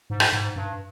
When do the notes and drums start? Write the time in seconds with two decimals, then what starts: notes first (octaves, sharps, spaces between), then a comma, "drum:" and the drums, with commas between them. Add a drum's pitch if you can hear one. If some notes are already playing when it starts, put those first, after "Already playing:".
0.10 G#2
0.20 drum: rim click
0.33 G#2
0.56 G2